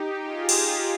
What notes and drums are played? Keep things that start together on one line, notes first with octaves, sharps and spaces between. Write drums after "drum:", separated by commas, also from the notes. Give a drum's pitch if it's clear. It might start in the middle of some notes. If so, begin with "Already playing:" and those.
Already playing: D#4 G4
F4 G#4
drum: cymbal